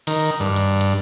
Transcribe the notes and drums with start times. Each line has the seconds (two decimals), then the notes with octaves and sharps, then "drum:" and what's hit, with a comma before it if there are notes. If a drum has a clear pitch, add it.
0.07 D#3, drum: open hi-hat
0.40 G2
0.56 drum: hi-hat
0.81 drum: hi-hat